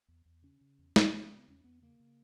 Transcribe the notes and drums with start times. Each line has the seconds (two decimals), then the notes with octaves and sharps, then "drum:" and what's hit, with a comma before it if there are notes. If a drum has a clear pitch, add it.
0.08 E2
0.25 E2
0.43 C#3 C#4
0.61 C#3
0.79 E2
0.96 E2, drum: snare
1.12 C#3 B3
1.25 C#3 C#4
1.38 B3
1.48 E2 C#4
1.64 E2 B3
1.82 C#3 A#3
2.00 C#3